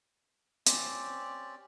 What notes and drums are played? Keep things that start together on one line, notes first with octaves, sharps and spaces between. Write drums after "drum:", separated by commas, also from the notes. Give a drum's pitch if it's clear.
C4 C#4 G4 D5, drum: hi-hat